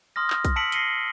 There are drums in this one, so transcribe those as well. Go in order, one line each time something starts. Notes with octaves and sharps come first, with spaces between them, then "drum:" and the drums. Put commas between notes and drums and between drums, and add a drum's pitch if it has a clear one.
C6 D#6 F6 A#6
drum: clap
drum: kick B1, hi-hat
A5 E6 B6 C#7 D7 F#7
A#6 C7 C#7 D#7 G7, drum: hi-hat